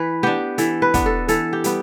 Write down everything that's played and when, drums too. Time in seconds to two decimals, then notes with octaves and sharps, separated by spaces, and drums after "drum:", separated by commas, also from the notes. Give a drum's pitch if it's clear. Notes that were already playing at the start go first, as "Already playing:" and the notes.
Already playing: E3 B4
0.23 B3 D4 G4
0.58 E3 A4, drum: hi-hat
0.82 B4
0.94 B3 D4, drum: kick, hi-hat
1.06 A4
1.28 E3 A4, drum: hi-hat
1.53 G4
1.64 G3 B3, drum: hi-hat